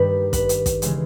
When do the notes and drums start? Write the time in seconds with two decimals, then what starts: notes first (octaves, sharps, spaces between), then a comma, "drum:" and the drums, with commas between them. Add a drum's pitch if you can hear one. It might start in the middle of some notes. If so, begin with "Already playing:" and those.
Already playing: G2 D#3 G3 B4
0.33 B4, drum: kick, hi-hat
0.49 drum: hi-hat
0.66 drum: kick, hi-hat
0.82 C#3 E3 G#3, drum: hi-hat